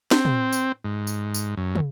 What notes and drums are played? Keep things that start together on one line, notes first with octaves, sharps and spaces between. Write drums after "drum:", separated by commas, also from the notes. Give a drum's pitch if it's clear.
C4, drum: snare
drum: tom
drum: tambourine
G#2
drum: tambourine
drum: tambourine
F#2
drum: tom